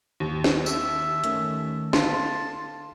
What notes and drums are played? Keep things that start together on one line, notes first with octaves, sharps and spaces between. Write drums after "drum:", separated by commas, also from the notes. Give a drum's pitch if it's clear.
D#2
drum: snare
E5, drum: tambourine
D#3 A3 C#4, drum: hi-hat
D3 F5 A5 C6, drum: snare